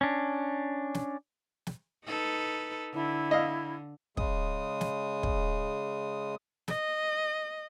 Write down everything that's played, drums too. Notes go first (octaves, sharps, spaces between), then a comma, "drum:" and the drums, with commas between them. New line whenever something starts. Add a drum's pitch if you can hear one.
C#4 D4
drum: snare
drum: snare
D#4 A4 B4
D3 E4
D#5 F5
C#3 G#3 D#6, drum: kick
drum: snare
drum: kick
D#5, drum: snare